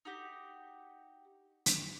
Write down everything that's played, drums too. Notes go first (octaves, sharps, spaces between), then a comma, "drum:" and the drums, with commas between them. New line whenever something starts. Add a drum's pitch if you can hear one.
D#4 F#4 G4
drum: hi-hat